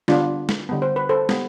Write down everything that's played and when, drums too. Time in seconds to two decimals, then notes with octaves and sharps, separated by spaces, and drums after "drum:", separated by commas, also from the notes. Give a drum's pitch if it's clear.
0.08 D3 G3 B3 D4 F4, drum: snare
0.49 drum: snare
0.69 D3 G3 B3
0.82 C5
0.96 B4
1.09 A4 C5
1.29 G3 B3, drum: snare